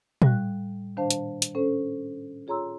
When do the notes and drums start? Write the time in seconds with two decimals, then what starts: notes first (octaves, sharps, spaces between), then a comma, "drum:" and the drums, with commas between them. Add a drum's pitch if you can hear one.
0.22 A2 G3 F5 F#6, drum: tom A#2
0.97 A#2 D#3 D4 C5 F5 A5
1.10 drum: hi-hat
1.42 drum: hi-hat
1.55 C#4 A4 C5
2.47 F4 G#4 C#5 A#5 C6 E6